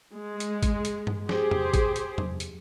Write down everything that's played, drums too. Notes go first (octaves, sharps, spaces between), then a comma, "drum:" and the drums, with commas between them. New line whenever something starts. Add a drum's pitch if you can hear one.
G#3
drum: hi-hat
drum: kick G#1, hi-hat
drum: hi-hat
drum: tom G2
G4 G#4 C5, drum: snare
drum: tom
drum: kick G#1, hi-hat
drum: hi-hat
drum: tom
drum: hi-hat